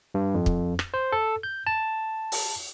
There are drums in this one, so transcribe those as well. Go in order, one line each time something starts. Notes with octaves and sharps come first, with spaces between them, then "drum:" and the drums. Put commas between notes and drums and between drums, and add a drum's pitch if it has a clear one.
G2
F2
drum: kick
drum: rim click
C5
A4
G6
A5
drum: open hi-hat